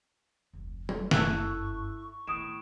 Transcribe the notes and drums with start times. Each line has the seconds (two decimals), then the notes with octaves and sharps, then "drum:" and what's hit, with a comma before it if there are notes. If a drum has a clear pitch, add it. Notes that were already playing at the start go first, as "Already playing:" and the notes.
0.53 F1 D2
0.89 drum: tom
1.11 F#1 G2 E4 A4 A5 C#6 E6 F#6, drum: snare
2.27 A2 D#3 B3 D#6 D7 E7